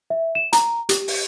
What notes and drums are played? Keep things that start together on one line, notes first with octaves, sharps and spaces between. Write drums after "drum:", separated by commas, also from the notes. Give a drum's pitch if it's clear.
E5
E7
A#5, drum: hi-hat
G4, drum: hi-hat
drum: open hi-hat